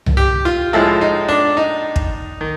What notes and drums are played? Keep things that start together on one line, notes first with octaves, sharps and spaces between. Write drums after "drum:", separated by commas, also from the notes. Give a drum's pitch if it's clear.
drum: tom C2
G4
F4
A2 F3 G#3 E4
D#4
D4
D#4
drum: kick
D#3